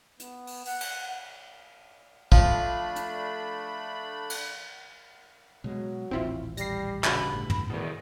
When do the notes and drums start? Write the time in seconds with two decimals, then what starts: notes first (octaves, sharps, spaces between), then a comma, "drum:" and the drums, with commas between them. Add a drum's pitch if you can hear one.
0.20 B3, drum: hi-hat
0.47 drum: open hi-hat
0.65 F#5, drum: open hi-hat
0.81 drum: cymbal
2.32 F3 A3 D4 B5, drum: kick
2.96 drum: hi-hat
4.30 drum: cymbal
5.64 B2 F#3 G#3
6.11 D#1 A1 C4 E4 F4
6.57 G3 A#6 C7, drum: hi-hat
7.04 G2 C#3 F#4 B5, drum: clap
7.33 G1 A2
7.50 drum: tom
7.70 E2 B2 D#3